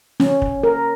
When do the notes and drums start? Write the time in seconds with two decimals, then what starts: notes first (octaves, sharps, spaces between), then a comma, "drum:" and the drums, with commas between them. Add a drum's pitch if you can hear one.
0.20 C#4, drum: snare
0.42 drum: kick
0.63 A#4